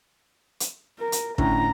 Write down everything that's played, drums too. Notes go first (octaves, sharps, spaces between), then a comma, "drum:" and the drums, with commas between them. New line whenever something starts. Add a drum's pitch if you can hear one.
drum: hi-hat
A#4
drum: hi-hat
A2 D3 C#4 A#5, drum: kick